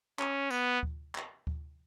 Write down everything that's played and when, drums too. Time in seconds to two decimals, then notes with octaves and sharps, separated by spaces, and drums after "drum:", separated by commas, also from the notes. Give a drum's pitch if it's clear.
0.19 C#4, drum: clap
0.50 B3, drum: tambourine
0.83 drum: kick D2
1.15 drum: clap
1.47 drum: kick D2